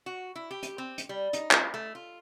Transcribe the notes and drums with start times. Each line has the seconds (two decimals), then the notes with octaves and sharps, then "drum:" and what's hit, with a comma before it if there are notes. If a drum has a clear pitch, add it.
0.06 F#4
0.36 E4
0.51 G4
0.63 drum: hi-hat
0.78 C4
0.98 drum: hi-hat
1.09 G3
1.33 D#4, drum: hi-hat
1.51 drum: clap
1.74 A3
1.95 F4